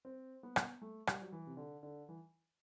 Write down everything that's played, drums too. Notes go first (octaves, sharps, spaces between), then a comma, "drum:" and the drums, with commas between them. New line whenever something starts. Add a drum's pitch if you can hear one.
C4
B3
drum: rim click
A3
G3, drum: rim click
F#3
E3
C3
D3
D3
E3